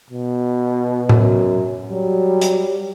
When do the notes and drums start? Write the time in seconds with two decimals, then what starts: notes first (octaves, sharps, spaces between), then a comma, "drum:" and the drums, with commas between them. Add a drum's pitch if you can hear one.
0.11 B2
1.09 F#2, drum: tom A2
1.91 F#3 G3
2.41 drum: hi-hat